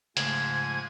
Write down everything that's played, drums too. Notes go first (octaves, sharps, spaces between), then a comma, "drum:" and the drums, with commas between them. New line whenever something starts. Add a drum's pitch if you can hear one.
G#2 C#3 F3 A3 G#4 G#6, drum: hi-hat